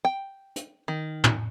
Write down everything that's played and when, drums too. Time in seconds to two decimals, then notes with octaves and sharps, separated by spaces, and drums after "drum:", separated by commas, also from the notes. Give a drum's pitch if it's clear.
0.05 G5
0.56 drum: hi-hat
0.88 D#3
1.24 drum: tom